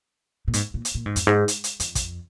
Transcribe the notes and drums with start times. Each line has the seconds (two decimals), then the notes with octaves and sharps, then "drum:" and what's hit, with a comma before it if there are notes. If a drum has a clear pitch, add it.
0.48 A#2
0.53 G#2, drum: hi-hat
0.74 A#2
0.85 drum: hi-hat
0.95 A#2
1.06 G#2
1.16 F2, drum: hi-hat
1.27 G#2
1.48 drum: hi-hat
1.64 drum: hi-hat
1.80 F2, drum: hi-hat
1.95 drum: kick, hi-hat